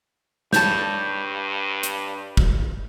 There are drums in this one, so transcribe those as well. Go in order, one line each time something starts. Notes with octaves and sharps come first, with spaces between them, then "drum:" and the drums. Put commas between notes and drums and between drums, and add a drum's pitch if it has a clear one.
G2 C#5 A5 G6, drum: snare
drum: hi-hat
drum: kick